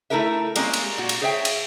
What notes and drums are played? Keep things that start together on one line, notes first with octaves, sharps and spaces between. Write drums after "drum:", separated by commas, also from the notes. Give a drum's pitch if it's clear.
A3 D#4 E4 A4 A#4 E5
G3 G#3 A#3 C4 C#4, drum: cymbal
drum: cymbal
A#2 F#4
drum: cymbal
G#4 C5 C#5 E5 G5
drum: cymbal